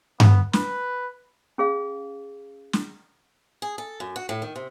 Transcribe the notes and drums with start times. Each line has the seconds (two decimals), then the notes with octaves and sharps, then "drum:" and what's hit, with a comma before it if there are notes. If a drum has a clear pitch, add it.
0.20 B3, drum: tom G2
0.53 B4, drum: snare
1.58 C#4 G#4 F5
2.73 drum: snare
3.62 G#4
3.78 A4
4.00 F#2
4.16 F#4
4.29 A2
4.42 D#3
4.56 C3